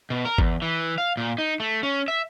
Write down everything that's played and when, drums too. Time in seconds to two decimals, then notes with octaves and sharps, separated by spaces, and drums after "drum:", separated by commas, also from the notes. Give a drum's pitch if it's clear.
0.10 B2
0.25 A#4
0.38 E2, drum: kick G#1
0.62 E3
0.98 F5
1.17 A#2
1.38 D#4
1.60 A3
1.83 C#4
2.08 E5